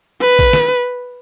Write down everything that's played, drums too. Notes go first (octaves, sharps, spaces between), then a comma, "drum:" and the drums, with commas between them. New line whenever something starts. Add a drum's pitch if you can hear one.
B4
drum: kick A1
drum: snare